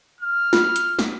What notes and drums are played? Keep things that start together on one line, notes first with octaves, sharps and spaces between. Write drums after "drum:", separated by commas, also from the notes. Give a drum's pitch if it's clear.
F6
F4, drum: snare
drum: hi-hat
drum: snare